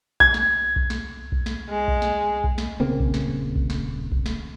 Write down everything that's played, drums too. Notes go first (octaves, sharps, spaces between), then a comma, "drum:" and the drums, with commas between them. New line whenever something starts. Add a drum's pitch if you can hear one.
G#6, drum: kick B1
drum: snare
drum: kick B1
drum: snare
drum: kick B1
drum: snare
G#3
drum: kick B1
drum: snare
drum: kick B1
drum: snare
D#1 C#3 A#3 C4
drum: kick B1
drum: snare
drum: kick B1
drum: snare
drum: kick B1
drum: snare